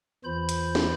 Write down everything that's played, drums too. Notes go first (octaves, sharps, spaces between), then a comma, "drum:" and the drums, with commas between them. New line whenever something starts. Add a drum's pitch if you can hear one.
E2 E3 F4 C5 B5 G6
drum: hi-hat
drum: snare